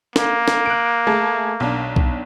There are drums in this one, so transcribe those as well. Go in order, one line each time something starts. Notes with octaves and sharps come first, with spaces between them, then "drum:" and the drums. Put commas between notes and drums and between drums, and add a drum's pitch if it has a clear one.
A#3, drum: snare
drum: snare
F#6 D7
A3 G#4 A5
B1 D4
drum: kick